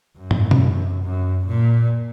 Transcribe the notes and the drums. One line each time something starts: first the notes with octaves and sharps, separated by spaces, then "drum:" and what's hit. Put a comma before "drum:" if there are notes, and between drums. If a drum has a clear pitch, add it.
F#2
drum: tom
drum: tom B2
F#2
A#2